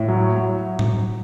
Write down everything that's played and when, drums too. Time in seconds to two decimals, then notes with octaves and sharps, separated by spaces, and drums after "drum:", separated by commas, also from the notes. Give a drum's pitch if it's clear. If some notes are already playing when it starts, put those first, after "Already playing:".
Already playing: A2
0.08 F#3
0.35 F#3
0.79 drum: tom A2